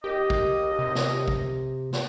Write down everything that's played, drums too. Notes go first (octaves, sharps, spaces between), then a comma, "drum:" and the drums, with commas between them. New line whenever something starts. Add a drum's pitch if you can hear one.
D#2 G4 D#5
drum: kick
C3
drum: snare
drum: kick
drum: snare